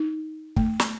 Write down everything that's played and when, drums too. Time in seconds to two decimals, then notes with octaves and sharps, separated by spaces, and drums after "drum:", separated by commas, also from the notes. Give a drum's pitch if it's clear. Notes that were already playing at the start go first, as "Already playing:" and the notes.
Already playing: D#4
0.56 A3, drum: kick
0.80 drum: snare